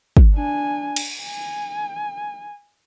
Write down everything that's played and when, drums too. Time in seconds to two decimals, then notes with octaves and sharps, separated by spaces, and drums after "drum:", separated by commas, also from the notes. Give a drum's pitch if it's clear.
0.17 drum: kick
0.34 D4 G#5
0.96 drum: cymbal
1.23 G#5